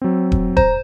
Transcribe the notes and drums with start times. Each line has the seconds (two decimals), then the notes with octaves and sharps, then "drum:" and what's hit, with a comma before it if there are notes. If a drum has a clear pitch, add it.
0.02 F#3 C4
0.32 drum: kick D#1
0.57 C5 A#5, drum: kick D#1